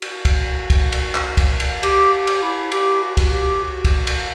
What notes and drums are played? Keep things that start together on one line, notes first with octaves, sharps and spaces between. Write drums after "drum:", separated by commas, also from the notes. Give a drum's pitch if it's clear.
F#4, drum: cymbal
drum: kick, cymbal
drum: kick, cymbal
drum: cymbal
drum: clap
drum: kick, cymbal
drum: cymbal
G4, drum: cymbal
G4
drum: cymbal
E4
G4, drum: cymbal
F#4
drum: kick, cymbal
G4
F#4
drum: kick, cymbal
drum: cymbal